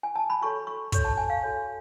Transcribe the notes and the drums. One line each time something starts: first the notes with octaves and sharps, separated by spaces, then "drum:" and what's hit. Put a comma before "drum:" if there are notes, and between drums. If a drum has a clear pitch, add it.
G#5
A5
B5
F#4 A4 C#5 C#6
C#6
F#4 A4 C#5 C#6, drum: kick, hi-hat
A5
G#5
F5
F#4 A4 C#5